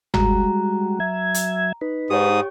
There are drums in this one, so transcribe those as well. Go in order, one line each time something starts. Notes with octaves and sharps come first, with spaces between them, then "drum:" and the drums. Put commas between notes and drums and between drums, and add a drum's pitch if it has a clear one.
G3 G#3 F#4 A#5, drum: tom G1
F#3 E5 G#6
drum: hi-hat
D#4 B4
G#2 G4 C#5 D#6